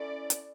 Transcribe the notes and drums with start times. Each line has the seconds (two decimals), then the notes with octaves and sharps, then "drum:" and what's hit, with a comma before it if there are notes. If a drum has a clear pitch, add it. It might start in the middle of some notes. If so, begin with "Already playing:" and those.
Already playing: C#4 E4 A4 D5
0.30 drum: hi-hat